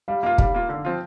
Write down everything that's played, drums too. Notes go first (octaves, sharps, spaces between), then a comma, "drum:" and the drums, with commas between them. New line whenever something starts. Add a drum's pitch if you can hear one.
G3 F5
A#3 F4 F5
G3 F5, drum: kick
A#3 F4
D3
F3 C4 F4